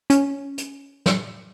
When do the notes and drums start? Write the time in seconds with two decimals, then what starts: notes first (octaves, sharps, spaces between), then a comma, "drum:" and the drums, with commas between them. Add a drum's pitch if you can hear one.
0.10 C#4, drum: hi-hat
0.58 drum: hi-hat
1.06 drum: snare